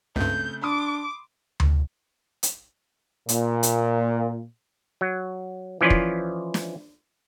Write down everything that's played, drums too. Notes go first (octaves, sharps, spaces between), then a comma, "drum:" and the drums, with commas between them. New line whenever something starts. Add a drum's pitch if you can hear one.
C#2 G2 C#3 A3 C4 G6
D4 B5 C6 D6 D#6
drum: tom D2
drum: hi-hat
A#2, drum: hi-hat
drum: hi-hat
F#3
E3 F3 C#4 E4 F4 D5
drum: kick
drum: snare